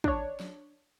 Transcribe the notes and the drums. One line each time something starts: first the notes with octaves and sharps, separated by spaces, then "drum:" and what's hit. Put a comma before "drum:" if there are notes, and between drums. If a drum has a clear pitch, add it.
D4 C#5, drum: kick
drum: snare